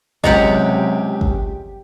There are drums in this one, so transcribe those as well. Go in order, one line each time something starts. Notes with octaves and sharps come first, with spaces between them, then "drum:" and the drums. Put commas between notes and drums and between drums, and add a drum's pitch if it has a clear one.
C#2 C3 F#3 G4 D#5 F#5 A#5, drum: kick
drum: kick